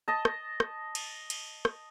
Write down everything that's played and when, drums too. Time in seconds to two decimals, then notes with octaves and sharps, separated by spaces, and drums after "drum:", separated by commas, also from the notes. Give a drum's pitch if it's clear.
0.08 D#5 A5
0.25 drum: rim click
0.60 drum: rim click
0.95 drum: cymbal
1.30 drum: cymbal
1.65 drum: rim click